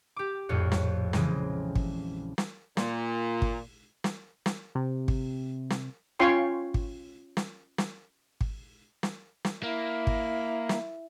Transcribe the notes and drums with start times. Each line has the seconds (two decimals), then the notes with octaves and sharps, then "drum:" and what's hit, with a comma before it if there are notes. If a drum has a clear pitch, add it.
0.16 G4 D6
0.49 A#1 F2 A2 F4 C#5 F#6
0.72 drum: snare
1.13 C#3 E3 G#3 C4, drum: snare
1.75 drum: kick G#1
2.38 drum: snare
2.77 A#2, drum: snare
3.42 drum: kick G#1
4.04 drum: snare
4.46 drum: snare
4.75 C3
5.08 drum: kick G#1
5.70 drum: snare
6.19 C#4 F4 C#5 G5 C6 C#6
6.74 drum: kick G#1
7.37 drum: snare
7.78 drum: snare
8.41 drum: kick G#1
9.03 drum: snare
9.45 drum: snare
9.63 A#3 E4
10.07 drum: kick G#1
10.69 drum: snare